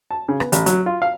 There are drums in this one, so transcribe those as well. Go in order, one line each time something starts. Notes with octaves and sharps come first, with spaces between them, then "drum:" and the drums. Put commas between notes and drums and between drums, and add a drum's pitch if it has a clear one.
A5
C#3
B3, drum: rim click
A1, drum: hi-hat
F#3, drum: hi-hat
F4
F5